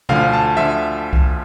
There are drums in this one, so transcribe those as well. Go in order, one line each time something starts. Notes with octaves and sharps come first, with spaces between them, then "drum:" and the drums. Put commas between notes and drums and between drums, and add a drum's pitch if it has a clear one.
D2 D3 F3 F5, drum: tom B2
A5
D3 F3 E5
drum: kick C2